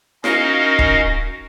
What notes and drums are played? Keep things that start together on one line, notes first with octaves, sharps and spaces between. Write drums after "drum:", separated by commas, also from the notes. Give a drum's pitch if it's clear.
C#4 D#4 F#4 A#4 D#5 F5, drum: snare E4
drum: kick